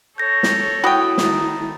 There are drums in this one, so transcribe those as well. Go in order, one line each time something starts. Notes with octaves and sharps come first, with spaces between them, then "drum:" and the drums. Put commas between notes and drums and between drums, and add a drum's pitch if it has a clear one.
A4 C#5 G6 A#6
drum: snare
E4 F#4 G5 B5 D#6
D#3 A3, drum: snare